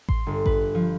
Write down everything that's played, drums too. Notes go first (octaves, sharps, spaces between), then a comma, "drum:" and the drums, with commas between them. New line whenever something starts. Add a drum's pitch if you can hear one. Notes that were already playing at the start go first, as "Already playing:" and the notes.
C6, drum: kick A1
G1
B4, drum: kick A1
F3